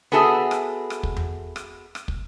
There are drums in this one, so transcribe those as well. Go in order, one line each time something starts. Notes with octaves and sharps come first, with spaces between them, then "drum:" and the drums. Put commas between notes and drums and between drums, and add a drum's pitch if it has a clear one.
B3 F#4 G#4 A4 E5
drum: rim click
drum: rim click
drum: kick
drum: tom E2
drum: rim click
drum: rim click
drum: kick